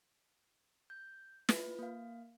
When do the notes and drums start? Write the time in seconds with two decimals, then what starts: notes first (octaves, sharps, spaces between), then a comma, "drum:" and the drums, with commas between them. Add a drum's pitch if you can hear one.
0.90 G6
1.49 F4 B4, drum: snare
1.79 A#3 F5